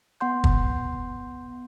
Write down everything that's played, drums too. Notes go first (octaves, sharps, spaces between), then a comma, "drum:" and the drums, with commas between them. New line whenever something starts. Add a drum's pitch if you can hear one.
B3 F#5 C6 G6
drum: kick